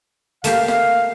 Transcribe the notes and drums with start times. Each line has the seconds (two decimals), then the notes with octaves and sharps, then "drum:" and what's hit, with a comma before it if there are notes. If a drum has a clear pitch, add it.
0.44 A3 A#3 G4 F5, drum: hi-hat
0.68 drum: snare